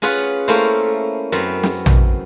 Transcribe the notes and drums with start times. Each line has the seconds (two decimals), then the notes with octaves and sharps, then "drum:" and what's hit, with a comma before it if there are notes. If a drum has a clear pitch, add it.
0.02 C#4 F4 G#4 B4 C#5 F#5
0.23 drum: hi-hat
0.48 A3 A#3 C#4 E4 C5
1.32 F#2 B3 C4
1.63 drum: snare
1.86 drum: tom A#1